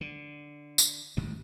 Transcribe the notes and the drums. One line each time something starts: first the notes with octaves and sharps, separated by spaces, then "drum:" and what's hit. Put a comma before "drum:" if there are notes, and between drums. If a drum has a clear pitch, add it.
D3
drum: tambourine
A1 G#2 D#3 G3